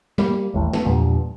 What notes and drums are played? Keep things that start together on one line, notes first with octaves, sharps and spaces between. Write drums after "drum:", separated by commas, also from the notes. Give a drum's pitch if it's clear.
G3 A#3, drum: snare
A1 D#2 A2
A3 B3, drum: snare
E2 G2 A#2 F3